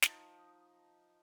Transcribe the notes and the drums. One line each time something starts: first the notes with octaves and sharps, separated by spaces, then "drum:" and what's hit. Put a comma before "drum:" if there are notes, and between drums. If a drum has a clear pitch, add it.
F3 D#4, drum: snare